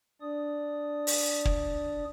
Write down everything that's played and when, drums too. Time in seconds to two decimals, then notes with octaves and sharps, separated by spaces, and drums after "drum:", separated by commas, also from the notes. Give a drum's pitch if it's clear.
0.21 D4 D5 D#6
1.07 drum: open hi-hat
1.45 drum: kick